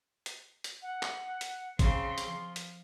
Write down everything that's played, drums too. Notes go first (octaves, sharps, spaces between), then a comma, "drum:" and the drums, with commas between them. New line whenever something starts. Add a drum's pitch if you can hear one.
drum: hi-hat
drum: hi-hat
F#5
drum: clap
drum: hi-hat
C#3 C4 C6, drum: kick, hi-hat
drum: hi-hat
F3
drum: hi-hat